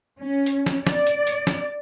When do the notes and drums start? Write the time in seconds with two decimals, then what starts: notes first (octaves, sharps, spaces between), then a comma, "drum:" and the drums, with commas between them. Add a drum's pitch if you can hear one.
0.20 C#4
0.46 drum: hi-hat
0.66 drum: snare
0.87 D5, drum: snare
1.07 drum: hi-hat
1.27 drum: hi-hat
1.47 drum: snare